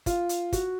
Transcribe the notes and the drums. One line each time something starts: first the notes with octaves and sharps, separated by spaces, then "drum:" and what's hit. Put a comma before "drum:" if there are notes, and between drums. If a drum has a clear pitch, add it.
F4, drum: kick, hi-hat
drum: hi-hat
F#4, drum: kick, hi-hat